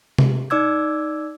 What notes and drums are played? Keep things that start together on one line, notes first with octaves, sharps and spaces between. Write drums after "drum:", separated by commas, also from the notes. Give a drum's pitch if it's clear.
drum: tom C3
D#4 D5 D6 E6 G#6